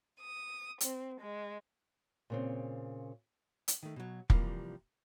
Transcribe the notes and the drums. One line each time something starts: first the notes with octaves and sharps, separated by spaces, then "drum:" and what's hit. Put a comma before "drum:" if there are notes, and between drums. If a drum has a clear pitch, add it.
D#6
C4, drum: hi-hat
G#3
A#2 C#3 C4
drum: hi-hat
D#3 A3
B2 F#3
C3 E3 F3 G3 A#3, drum: kick